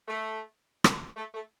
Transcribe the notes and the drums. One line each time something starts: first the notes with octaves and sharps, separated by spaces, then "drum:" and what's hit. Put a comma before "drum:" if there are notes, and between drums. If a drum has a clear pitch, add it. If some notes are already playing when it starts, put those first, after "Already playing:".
A3
drum: rim click
A3
A3